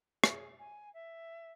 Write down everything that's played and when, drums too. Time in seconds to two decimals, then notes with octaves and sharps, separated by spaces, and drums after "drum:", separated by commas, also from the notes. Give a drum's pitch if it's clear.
0.24 G#4, drum: rim click
0.59 G#5
0.94 E5